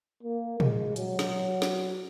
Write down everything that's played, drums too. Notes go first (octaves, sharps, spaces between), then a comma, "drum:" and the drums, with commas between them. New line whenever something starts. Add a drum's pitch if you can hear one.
A#3
G#3, drum: tom
F#3, drum: hi-hat
drum: snare
drum: snare